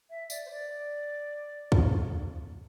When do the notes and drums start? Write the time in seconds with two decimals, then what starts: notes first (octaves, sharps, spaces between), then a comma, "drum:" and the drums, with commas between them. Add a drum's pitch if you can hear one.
0.10 E5
0.30 D5, drum: tambourine
0.46 C5
0.50 D5
1.72 drum: kick